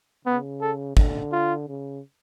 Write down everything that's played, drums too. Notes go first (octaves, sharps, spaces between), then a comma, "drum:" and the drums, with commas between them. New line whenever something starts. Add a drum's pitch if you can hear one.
C#3 B3
A4
D3, drum: kick
F4
C#3